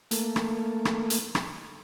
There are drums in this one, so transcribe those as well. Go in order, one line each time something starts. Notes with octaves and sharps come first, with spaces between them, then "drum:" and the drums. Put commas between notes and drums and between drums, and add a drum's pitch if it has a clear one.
A3 A#3, drum: hi-hat
drum: rim click
drum: rim click
drum: hi-hat
drum: rim click